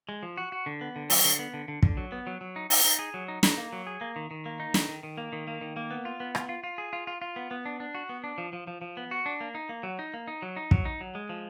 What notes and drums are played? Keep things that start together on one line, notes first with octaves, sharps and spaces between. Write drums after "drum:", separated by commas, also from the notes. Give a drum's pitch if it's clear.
G#3
F3
F#4
F#4
D3
B3
D3
F#3, drum: open hi-hat
D3
B3
D3
D3
D3, drum: kick
F#3
B3
F#3
F#3
D#4
D#4, drum: open hi-hat
D#4
G#4
F#3
D#4
D#4, drum: snare
A#3
F#3
G#4
A#3
D#3
D#3
A#3
D#4
D#3, drum: snare
D#3
D#3
A#3
D#3
A#3
D#3
A#3
B3
F4
B3
F4, drum: rim click
F4
F4
G#4
F4
F4
F4
B3
B3
D4
D4
F#4
B3
D4
F3
F3
F3
F3
B3
F#4
D4
A#3
D#4
A#3
F#3
D#4
A#3
D#4
F#3
D#4
F#3, drum: kick
D#4
F#3
G#3
F3